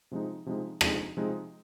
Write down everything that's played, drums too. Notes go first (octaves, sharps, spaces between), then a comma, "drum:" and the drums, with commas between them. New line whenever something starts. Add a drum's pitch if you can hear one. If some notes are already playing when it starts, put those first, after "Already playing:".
C3 F3 G#3 D#4
C3 F3 G#3 D#4
C3 F3 G#3 D#4, drum: rim click
C3 F3 G#3 D#4